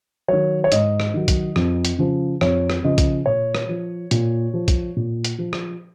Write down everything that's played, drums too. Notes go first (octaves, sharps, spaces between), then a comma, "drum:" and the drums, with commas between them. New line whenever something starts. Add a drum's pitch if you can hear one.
D#3 F#3 C#5
C#5
G#2 D#5, drum: hi-hat
drum: rim click
D#3 F#3
drum: kick, hi-hat
F2, drum: rim click
drum: hi-hat
C#3 F3
F2 C#5, drum: rim click
drum: rim click
C#3 F3 D#5
drum: kick, hi-hat
A#2 C#5
drum: rim click
F3
A#2, drum: hi-hat
F3
drum: kick, hi-hat
A#2
drum: hi-hat
F3
drum: rim click